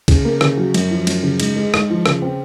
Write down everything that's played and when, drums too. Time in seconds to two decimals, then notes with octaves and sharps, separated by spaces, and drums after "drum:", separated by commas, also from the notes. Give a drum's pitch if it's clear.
0.08 C#3, drum: kick, cymbal
0.25 A#3
0.41 C#3, drum: rim click
0.57 F#3
0.74 F#2, drum: cymbal
0.91 F3
1.07 F#2, drum: cymbal
1.23 C#3
1.40 G#2, drum: cymbal
1.56 G#3
1.74 G#2, drum: rim click
1.90 F3
2.06 C#3, drum: rim click
2.22 C4